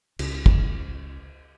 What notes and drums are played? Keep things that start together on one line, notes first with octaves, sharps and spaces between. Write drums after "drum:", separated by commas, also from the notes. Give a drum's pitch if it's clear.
C#2, drum: cymbal
drum: kick